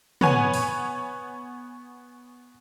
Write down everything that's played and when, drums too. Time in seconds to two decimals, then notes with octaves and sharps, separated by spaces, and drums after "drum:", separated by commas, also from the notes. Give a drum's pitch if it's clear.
0.21 B3 C#5 G#5, drum: tom
0.54 drum: open hi-hat